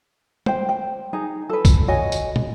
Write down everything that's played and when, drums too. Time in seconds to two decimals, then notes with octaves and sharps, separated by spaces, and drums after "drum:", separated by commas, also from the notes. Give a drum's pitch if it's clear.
0.46 C5 G5, drum: tom
0.69 G5
1.13 D#4 G#4 A#5
1.49 A4 B4
1.65 drum: kick, tambourine
1.88 F#4 C#5 D#5 G#5
2.12 drum: tambourine
2.36 drum: tom